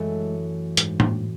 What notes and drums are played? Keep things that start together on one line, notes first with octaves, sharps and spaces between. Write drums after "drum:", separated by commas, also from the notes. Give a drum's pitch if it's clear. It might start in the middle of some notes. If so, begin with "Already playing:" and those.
Already playing: F#2 E3 G#3 A3
G#2, drum: hi-hat
drum: tom A2